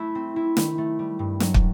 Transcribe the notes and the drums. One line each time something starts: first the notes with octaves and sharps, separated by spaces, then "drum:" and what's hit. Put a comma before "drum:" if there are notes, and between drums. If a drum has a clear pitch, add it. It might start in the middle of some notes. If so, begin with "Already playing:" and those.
Already playing: A3 E4
C4
E4
D#3, drum: snare
A3
G3
G2
F#3, drum: snare
drum: kick